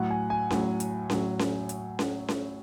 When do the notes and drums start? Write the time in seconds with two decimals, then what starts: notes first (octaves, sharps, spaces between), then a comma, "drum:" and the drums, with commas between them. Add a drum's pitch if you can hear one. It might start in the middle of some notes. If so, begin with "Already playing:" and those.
Already playing: A2 F#3 F#5
0.11 G#5
0.30 G#5
0.50 A2 F#3, drum: snare C#4
0.80 drum: hi-hat
1.10 A2 F#3, drum: snare C#4
1.39 drum: snare C#4
1.69 drum: hi-hat
1.99 drum: snare C#4
2.28 drum: snare C#4